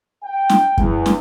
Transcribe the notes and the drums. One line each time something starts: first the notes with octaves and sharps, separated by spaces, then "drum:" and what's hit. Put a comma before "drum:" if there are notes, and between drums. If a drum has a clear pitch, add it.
G5
drum: snare
E2, drum: kick F#2
drum: snare